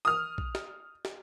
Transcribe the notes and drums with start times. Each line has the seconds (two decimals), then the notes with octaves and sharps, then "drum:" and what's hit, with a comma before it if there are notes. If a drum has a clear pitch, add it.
0.05 D#6 F6
0.38 drum: kick A#1
0.55 drum: snare
1.05 drum: snare